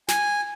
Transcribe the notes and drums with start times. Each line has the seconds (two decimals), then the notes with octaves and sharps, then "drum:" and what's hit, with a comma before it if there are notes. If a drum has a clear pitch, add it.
0.08 G#5, drum: snare